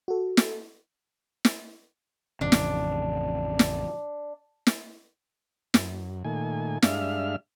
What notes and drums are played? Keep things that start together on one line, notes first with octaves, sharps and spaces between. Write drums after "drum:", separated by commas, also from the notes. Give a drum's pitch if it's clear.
F#4 A4
drum: snare
drum: snare
A1 F2 C#3 D4
drum: snare
drum: snare
drum: snare
F#2, drum: snare
A#2 D#3 A3 G#5
G2 G#3 D4 E5 F5 F6, drum: snare